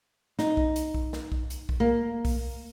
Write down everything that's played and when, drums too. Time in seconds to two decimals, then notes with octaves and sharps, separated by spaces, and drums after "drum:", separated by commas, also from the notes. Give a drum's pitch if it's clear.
0.39 D#4, drum: snare
0.57 drum: kick B1
0.76 drum: hi-hat
0.94 drum: kick B1
1.13 drum: snare
1.32 drum: kick B1
1.50 drum: hi-hat
1.69 drum: kick B1
1.80 A#3
2.25 drum: kick B1, open hi-hat